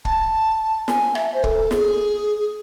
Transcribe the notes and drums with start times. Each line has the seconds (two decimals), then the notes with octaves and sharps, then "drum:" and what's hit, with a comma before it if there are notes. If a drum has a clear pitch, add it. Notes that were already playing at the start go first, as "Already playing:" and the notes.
0.05 A5, drum: kick
0.88 G#5, drum: snare
1.15 E5, drum: rim click
1.34 C5
1.44 A4, drum: kick
1.71 G#4, drum: snare